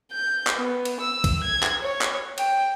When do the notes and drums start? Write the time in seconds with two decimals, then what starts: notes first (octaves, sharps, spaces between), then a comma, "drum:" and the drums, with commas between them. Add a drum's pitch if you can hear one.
0.12 G6
0.47 drum: clap
0.57 B3
0.85 drum: cymbal
1.01 E6
1.24 drum: kick, cymbal
1.43 G#6
1.63 drum: clap
1.82 C#5
2.01 drum: clap
2.38 G5, drum: cymbal